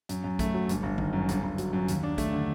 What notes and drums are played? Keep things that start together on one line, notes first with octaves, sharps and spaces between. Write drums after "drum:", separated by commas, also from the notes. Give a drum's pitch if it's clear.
F#2, drum: hi-hat
F#2
A3, drum: kick, hi-hat
F#3
G1, drum: hi-hat
G1
D#3, drum: kick
F#2
G1, drum: hi-hat
G1
F#3, drum: hi-hat
F#2
D#2, drum: hi-hat
D4
A3, drum: kick, hi-hat
D3